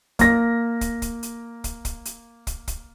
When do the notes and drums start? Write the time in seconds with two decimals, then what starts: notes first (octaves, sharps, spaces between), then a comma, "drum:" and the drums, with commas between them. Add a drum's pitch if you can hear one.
0.19 A#3 A#6, drum: kick, hi-hat
0.81 drum: kick, hi-hat
1.02 drum: kick, hi-hat
1.23 drum: hi-hat
1.64 drum: kick, hi-hat
1.85 drum: kick, hi-hat
2.05 drum: hi-hat
2.47 drum: kick, hi-hat
2.68 drum: kick, hi-hat